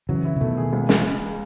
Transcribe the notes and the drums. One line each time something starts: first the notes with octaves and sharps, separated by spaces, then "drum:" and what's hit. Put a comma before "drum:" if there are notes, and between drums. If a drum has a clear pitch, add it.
C#3 E3 F#3
E4
C#3
B2 D#3 A3
G#4
C#2
G#3, drum: snare